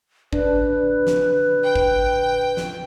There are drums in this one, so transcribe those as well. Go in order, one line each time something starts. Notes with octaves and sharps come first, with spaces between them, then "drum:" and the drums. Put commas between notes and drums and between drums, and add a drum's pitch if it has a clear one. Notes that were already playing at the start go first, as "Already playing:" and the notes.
D4 B4, drum: kick G#1
drum: snare
G5
drum: kick G#1
drum: snare